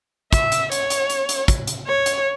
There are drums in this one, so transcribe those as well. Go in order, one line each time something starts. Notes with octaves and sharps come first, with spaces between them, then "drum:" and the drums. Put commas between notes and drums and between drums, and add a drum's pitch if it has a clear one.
E5, drum: kick, hi-hat
drum: hi-hat
C#5, drum: hi-hat
drum: hi-hat
drum: hi-hat
drum: hi-hat
drum: kick, hi-hat
drum: hi-hat
C#5
drum: hi-hat